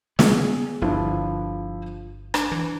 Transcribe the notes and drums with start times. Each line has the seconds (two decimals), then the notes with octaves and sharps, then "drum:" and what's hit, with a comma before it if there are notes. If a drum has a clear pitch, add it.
0.19 B3 G#4, drum: snare
0.82 G1 F3 D4 E4
2.34 D4, drum: rim click
2.52 E3